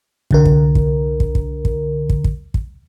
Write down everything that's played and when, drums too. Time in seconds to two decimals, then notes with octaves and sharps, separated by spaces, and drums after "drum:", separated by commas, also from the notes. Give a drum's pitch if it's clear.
0.31 C2 D3 A#4, drum: kick
0.45 drum: kick
0.75 drum: kick
1.20 drum: kick
1.35 drum: kick
1.65 drum: kick
2.09 drum: kick
2.24 drum: kick
2.54 drum: kick